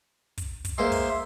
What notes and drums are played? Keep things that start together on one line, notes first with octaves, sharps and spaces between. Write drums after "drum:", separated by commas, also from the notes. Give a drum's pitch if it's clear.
drum: kick, hi-hat
drum: kick, hi-hat
G#3 A#3 C5 E5 C6
drum: kick, open hi-hat